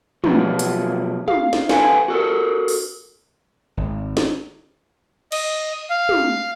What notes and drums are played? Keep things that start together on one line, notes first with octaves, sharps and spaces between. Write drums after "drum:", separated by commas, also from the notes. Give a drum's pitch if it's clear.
B2 F3 F#3 F4, drum: tom
drum: hi-hat
F5, drum: tom
drum: snare
A4 B4 C5 F5 G#5, drum: snare
F#4 A4 A#4
drum: open hi-hat
G#1
drum: snare
D#5, drum: cymbal
F5
drum: tom